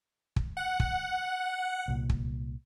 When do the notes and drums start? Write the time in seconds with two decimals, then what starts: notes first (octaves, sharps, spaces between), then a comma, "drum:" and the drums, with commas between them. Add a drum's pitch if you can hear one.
0.36 drum: kick
0.57 F#5
0.80 drum: kick
1.88 C2 A#2
2.10 drum: kick